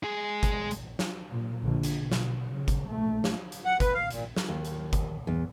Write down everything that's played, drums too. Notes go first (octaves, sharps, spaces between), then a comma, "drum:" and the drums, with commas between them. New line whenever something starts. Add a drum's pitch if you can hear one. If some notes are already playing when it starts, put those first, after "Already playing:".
G#3 G#4
drum: kick G1, hi-hat
drum: hi-hat
drum: snare
A#2
A#1 D3
drum: hi-hat
B2
drum: snare
C#3
drum: kick G1, hi-hat
A#1 A3
drum: snare
drum: hi-hat
F#5
B4, drum: kick G1, hi-hat
F5
A#2, drum: hi-hat
drum: snare
D#2
drum: hi-hat
drum: kick G1, hi-hat
E2